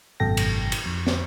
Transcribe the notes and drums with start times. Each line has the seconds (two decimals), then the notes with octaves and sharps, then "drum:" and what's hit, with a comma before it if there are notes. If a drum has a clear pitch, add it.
0.20 G#1 F#2 B2 A4 G5 A#6
0.37 drum: cymbal
0.72 drum: cymbal
0.86 F2
1.07 drum: snare